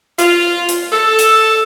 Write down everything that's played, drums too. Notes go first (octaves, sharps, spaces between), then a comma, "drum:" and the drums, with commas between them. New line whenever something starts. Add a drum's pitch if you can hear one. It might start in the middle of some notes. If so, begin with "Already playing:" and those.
F4, drum: hi-hat
drum: hi-hat
A4
drum: hi-hat